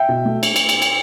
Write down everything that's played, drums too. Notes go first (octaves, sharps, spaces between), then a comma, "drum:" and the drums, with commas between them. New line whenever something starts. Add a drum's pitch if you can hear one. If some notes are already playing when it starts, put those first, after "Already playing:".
Already playing: E5 G5
B2
A3
drum: cymbal
drum: cymbal
drum: cymbal
drum: cymbal